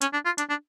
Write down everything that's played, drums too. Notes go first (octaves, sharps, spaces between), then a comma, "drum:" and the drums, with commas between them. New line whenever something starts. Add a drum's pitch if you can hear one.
C#4, drum: hi-hat
D4
F4
D4, drum: hi-hat
D4